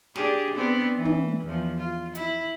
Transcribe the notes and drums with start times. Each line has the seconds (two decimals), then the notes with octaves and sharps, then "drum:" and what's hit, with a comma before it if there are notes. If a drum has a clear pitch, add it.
0.16 D4 G4 G#4, drum: snare
0.55 B3 C4 D4
0.96 E3
1.05 drum: tom
1.44 E2 F3
1.77 F4
2.15 E4, drum: hi-hat